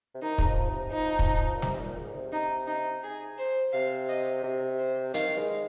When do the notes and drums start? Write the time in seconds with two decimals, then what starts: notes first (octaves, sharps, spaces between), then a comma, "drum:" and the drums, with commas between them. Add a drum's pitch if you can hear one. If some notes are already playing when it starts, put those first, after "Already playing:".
0.14 C3
0.22 D#3 D#4
0.38 G#3, drum: kick
0.46 F3
0.69 C3
0.91 F3 D#4
1.19 drum: kick
1.55 A#2
1.62 C3, drum: snare
1.80 A#2
1.98 G#2
2.15 C3
2.32 D#4
2.67 D#4
3.03 G#4
3.38 C5
3.73 C3 F5
4.09 D#5
4.44 C3
4.78 C5
5.14 D#3 F5, drum: hi-hat
5.38 G#3